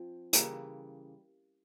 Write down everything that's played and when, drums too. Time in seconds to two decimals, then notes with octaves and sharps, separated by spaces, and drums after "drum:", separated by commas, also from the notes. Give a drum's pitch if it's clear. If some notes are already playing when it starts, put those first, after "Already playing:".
Already playing: F3 C4
0.33 C#3 E3 G3 A#3, drum: hi-hat